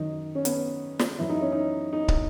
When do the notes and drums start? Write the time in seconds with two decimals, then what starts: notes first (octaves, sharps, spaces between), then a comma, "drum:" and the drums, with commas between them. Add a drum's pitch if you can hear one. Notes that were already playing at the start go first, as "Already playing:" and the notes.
Already playing: F#2 D#3 D#4
0.35 C#4
0.45 B3, drum: hi-hat
0.99 drum: snare
1.19 F#2 E3 E4
1.29 D#4
1.42 C#4
1.52 D#4
1.93 D#4
2.08 drum: kick